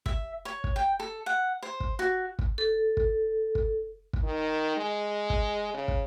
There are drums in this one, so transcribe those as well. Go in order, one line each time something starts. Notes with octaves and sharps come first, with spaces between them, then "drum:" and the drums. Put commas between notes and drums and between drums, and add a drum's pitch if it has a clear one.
E5, drum: kick
C#5
drum: kick
G5
A4
F#5
C5
drum: kick
F#4
drum: kick
A4
drum: kick
drum: kick
drum: kick
D#3
G#3
drum: kick
C#3
drum: kick